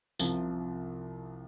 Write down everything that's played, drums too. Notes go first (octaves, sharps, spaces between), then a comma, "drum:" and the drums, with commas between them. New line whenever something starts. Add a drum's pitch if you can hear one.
C2 C3 F3, drum: tambourine